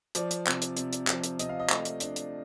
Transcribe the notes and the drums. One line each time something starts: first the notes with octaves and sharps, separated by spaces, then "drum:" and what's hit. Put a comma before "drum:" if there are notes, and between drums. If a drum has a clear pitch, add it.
F3 D5, drum: hi-hat
drum: hi-hat
C3, drum: clap
drum: hi-hat
C3, drum: hi-hat
drum: hi-hat
F3, drum: clap
drum: hi-hat
C3 D#5, drum: hi-hat
F5
D#5
A3, drum: clap
drum: hi-hat
D4, drum: hi-hat
drum: hi-hat